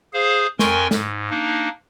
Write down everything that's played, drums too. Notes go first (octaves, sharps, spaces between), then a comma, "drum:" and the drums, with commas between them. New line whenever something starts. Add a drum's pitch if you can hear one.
G#4 C5 F5
F2 A#4 G5 G#5 C6 C#6, drum: snare
G#2, drum: snare
A#3 D4 D#4